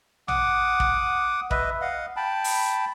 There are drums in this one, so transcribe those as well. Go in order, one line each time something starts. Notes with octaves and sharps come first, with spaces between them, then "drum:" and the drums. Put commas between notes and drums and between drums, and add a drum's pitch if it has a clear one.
F#5 D6 D#6, drum: tom A#1
drum: kick
B4 D#5 E5, drum: kick
D#5 F5 F#5
G5 A5 B5
drum: open hi-hat